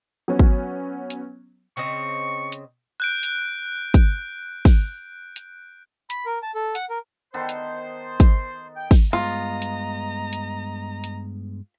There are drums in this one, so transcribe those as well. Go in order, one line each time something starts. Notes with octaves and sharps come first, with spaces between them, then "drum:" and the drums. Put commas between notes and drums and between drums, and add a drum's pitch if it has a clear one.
F#3 B3 C#4
drum: kick
drum: hi-hat
C#3 C4 D#5 C#6
drum: hi-hat
F#6 G6 D7
drum: hi-hat
drum: kick, hi-hat
drum: kick, open hi-hat
drum: hi-hat
B5, drum: hi-hat
A#4
A5
A4
F#5, drum: hi-hat
A#4
D#3 B3 A4 C5
drum: hi-hat
drum: kick, hi-hat
G5
drum: kick, open hi-hat
G2 G#3 B3 F4 D#5 A#5
drum: hi-hat
drum: hi-hat
drum: hi-hat